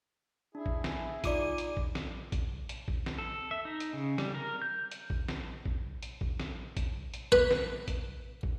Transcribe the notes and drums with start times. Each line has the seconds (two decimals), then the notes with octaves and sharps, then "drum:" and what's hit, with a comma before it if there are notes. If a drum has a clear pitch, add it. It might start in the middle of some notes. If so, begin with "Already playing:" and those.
0.55 D4 E4 G#4
0.66 drum: kick
0.84 drum: snare
1.24 D#4 F4 D5 D6 D#7, drum: kick, hi-hat
1.58 drum: hi-hat
1.77 drum: kick
1.95 drum: snare
2.32 drum: kick, hi-hat
2.69 drum: hi-hat
2.88 drum: kick
3.06 drum: snare
3.18 A4
3.51 E5
3.65 D#4
3.80 drum: hi-hat
3.93 C#3
4.18 G3, drum: snare
4.35 A#4
4.62 G6
4.91 drum: hi-hat
5.10 drum: kick
5.28 drum: snare
5.66 drum: kick
6.03 drum: hi-hat
6.21 drum: kick
6.40 drum: snare
6.77 drum: kick, hi-hat
7.14 drum: hi-hat
7.32 B4, drum: kick
7.51 drum: snare
7.88 drum: kick, hi-hat
8.43 drum: kick